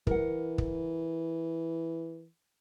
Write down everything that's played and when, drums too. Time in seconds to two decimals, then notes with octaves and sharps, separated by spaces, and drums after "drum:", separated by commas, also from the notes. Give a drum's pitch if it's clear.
0.07 E3 A#4 F#5, drum: kick
0.58 drum: kick